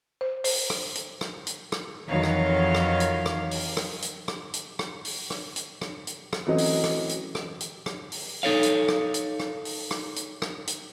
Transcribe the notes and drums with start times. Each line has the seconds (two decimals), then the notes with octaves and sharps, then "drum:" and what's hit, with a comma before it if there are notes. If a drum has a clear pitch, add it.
0.21 C5
0.44 C5, drum: open hi-hat
0.70 drum: rim click
0.95 drum: hi-hat
1.21 drum: rim click
1.47 drum: hi-hat
1.72 drum: rim click
2.07 F2 D#3 E3 F#3 C#5 F5
2.23 drum: rim click
2.75 drum: rim click
3.00 drum: hi-hat
3.26 drum: rim click
3.51 drum: open hi-hat
3.77 drum: rim click
4.02 drum: hi-hat
4.28 drum: rim click
4.54 drum: hi-hat
4.79 drum: rim click
5.05 drum: open hi-hat
5.30 drum: rim click
5.56 drum: hi-hat
5.81 drum: rim click
6.07 drum: hi-hat
6.33 drum: rim click
6.47 E3 F#3 A3 C4 C#4 D#5
6.58 drum: open hi-hat
6.84 drum: rim click
7.09 drum: hi-hat
7.35 drum: rim click
7.61 drum: hi-hat
7.86 drum: rim click
8.12 drum: open hi-hat
8.43 D#4 A4 C#5 F5
8.63 drum: hi-hat
8.88 drum: rim click
9.14 drum: hi-hat
9.40 drum: rim click
9.65 drum: open hi-hat
9.91 drum: rim click
10.16 drum: hi-hat
10.42 drum: rim click
10.67 drum: hi-hat